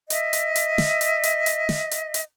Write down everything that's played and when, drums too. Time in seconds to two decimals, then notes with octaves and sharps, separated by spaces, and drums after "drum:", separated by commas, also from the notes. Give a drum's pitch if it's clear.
0.10 D#5 E5, drum: hi-hat
0.33 drum: hi-hat
0.56 drum: hi-hat
0.78 drum: snare
1.01 drum: hi-hat
1.23 drum: hi-hat
1.46 drum: hi-hat
1.69 drum: snare
1.91 drum: hi-hat
2.14 drum: hi-hat